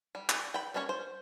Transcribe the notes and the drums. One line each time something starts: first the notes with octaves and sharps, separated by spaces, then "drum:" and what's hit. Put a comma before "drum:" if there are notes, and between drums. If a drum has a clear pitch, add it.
G3
drum: clap
G5 B5
G3 A#3 C#4 E4 C#5
C5